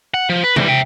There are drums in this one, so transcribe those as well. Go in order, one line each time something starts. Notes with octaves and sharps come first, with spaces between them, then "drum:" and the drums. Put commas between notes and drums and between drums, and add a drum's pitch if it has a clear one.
F#5
F3
B4
E3 G3, drum: tom C3
E5 G5